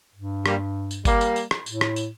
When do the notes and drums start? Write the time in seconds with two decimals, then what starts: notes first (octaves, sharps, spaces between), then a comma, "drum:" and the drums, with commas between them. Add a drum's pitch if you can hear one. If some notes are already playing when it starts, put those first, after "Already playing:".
0.15 G2
0.46 G3 A#3, drum: rim click
0.91 drum: tambourine
1.05 G3 A#3, drum: kick G1, tambourine
1.21 drum: tambourine
1.36 drum: tambourine
1.51 drum: rim click
1.66 A2, drum: tambourine
1.81 drum: rim click
1.96 drum: tambourine